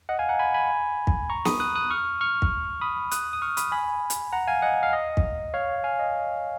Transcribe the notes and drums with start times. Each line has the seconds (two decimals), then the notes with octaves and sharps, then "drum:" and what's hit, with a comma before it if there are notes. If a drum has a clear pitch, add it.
0.09 D#5 F#5
0.19 F5 G#5
0.29 F#5 A#5
0.39 G#5 B5
0.54 G#5 B5
1.07 drum: kick
1.30 A#5 C#6
1.45 B5 D#6, drum: snare
1.60 D#6 F#6
1.75 D#6 F#6
1.90 C#6 F6
2.21 C#6 F6
2.42 drum: kick
2.81 B5 D#6
3.11 D#6 F#6, drum: hi-hat
3.33 D#6
3.42 C#6 F6
3.57 B5 D#6, drum: hi-hat
3.72 G#5 B5
4.10 drum: hi-hat
4.33 F#5 A#5
4.47 F5 G#5
4.62 D#5 F#5
4.83 F5
4.93 D#5
5.17 drum: kick
5.54 C#5 F5
5.84 F5 G#5
5.99 D#5